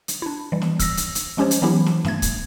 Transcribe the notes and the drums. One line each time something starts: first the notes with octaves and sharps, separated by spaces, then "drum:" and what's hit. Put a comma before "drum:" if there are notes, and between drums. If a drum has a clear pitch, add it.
drum: hi-hat
D4 E4
E3 G3
drum: snare
E6 A#6, drum: kick, hi-hat
drum: hi-hat
drum: hi-hat
F3 G#3 C#4 G4 C5 C#5
drum: hi-hat
E3 F#3 B3 C#4 E4 G4
drum: snare
G2 A3 G#6, drum: snare
drum: kick, hi-hat